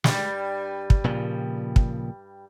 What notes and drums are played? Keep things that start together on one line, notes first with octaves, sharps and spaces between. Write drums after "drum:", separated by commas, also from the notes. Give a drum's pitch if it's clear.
G2 G3, drum: snare
drum: kick
A#2 C#3 F3
drum: kick